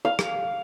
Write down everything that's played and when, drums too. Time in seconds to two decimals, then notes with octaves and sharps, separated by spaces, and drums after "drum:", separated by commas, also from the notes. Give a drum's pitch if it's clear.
0.05 F5
0.19 drum: rim click